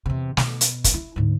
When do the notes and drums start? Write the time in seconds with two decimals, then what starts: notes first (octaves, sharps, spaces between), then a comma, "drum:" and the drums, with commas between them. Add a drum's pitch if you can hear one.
0.06 E2 C3
0.37 B2, drum: snare
0.61 drum: hi-hat
0.84 drum: kick, hi-hat
0.94 E4
1.16 D2 G#2